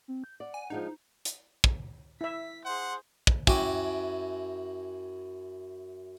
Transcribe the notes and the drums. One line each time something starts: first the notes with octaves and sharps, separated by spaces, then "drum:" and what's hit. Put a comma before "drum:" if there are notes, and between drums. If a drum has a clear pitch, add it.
C4
G6
D5 F#5
G#5
F3 G#3 D4 D#4
drum: hi-hat
drum: kick
E4 E5 B6
G#4 C5 F#5 C6
drum: kick
F#2 E4 F#4 G5 G#5 D6, drum: kick